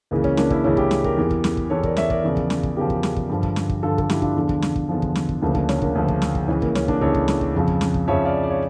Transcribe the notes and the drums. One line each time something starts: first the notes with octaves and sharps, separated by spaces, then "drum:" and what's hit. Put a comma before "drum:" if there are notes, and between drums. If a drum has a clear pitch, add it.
C#2 C#3 E3 A#3
C#4, drum: kick
A#3 D4, drum: snare
C#4 E4, drum: kick
C#2 C#3 E3 C#4 E4
E4 G4, drum: kick
drum: snare
G4 A#4, drum: kick
E2 E3
drum: kick
drum: snare
drum: kick
E2 E3 A4 C#5
A#4 D5, drum: kick
C#5 E5, drum: snare
A#4 D5, drum: kick
E2 C#3 F3
drum: kick
drum: snare
drum: kick
E2 C#3 F3 G4 A#4
drum: kick
drum: snare
drum: kick
G2 D3 F3
drum: kick
drum: snare
drum: kick
G2 D3 F3 F4 A4
A4, drum: kick
E4 G4, drum: snare
D4 F4, drum: kick
E2 D3 F3
drum: kick
drum: snare
drum: kick
E2 D3 F3
drum: kick
drum: snare
drum: kick
D2 C#3 F3 A#3 D4
A#3 D4, drum: kick
C#4, drum: snare
A#3 D4, drum: kick
D2 C#3 F3
drum: kick
drum: snare
drum: kick
C#2 C#3 E3 C#4
A#3, drum: kick
C#4, drum: snare
A#3 D4, drum: kick
C#2 C#3 E3 A4 C#5
drum: kick
drum: snare
drum: kick
F2 C#3 F3
drum: kick
drum: snare
drum: kick
F2 C#3 F3 C#5 E5
D5 F5
D5
C#5